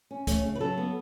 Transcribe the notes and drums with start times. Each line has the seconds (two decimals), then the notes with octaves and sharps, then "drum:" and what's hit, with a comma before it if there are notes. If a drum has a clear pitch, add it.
0.11 C#4
0.27 A3 C#5, drum: kick C#2, hi-hat
0.44 C#3
0.55 B4
0.60 F#3 A4
0.78 B3